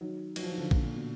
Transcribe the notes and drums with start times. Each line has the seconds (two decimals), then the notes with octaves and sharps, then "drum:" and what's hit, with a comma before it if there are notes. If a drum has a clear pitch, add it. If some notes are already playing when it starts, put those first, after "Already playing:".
0.01 D#3 F#3
0.36 F#3, drum: cymbal
0.43 F3
0.51 D#3
0.58 D3 F3
0.71 A#2 D3, drum: kick
0.82 A#2
0.95 B2